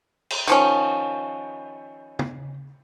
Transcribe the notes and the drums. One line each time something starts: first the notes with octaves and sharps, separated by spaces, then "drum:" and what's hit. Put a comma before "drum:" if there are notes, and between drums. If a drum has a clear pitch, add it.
drum: cymbal
D#3 F3 C#4, drum: hi-hat
drum: tom